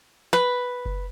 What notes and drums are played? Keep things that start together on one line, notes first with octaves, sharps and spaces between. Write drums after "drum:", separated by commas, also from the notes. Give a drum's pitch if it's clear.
B4, drum: snare
drum: kick F#1